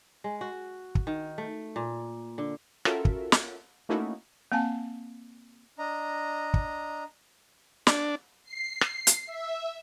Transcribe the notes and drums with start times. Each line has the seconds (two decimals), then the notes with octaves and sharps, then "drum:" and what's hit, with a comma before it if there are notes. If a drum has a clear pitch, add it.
0.24 G#3
0.41 F#4
0.95 drum: kick
1.07 D#3
1.38 A3
1.76 A#2
2.38 D3
2.85 C#4 F4 F#4 A4 A#4 E5, drum: rim click
3.05 drum: kick
3.32 drum: snare
3.89 A3 A#3 C#4 D#4 E4 F#4
4.52 A#3 C4 F5 G#5 A5
5.79 D4 D#5 A#5
6.54 drum: kick
7.87 D4, drum: snare
8.44 C7
8.81 drum: rim click
9.07 drum: hi-hat
9.26 E5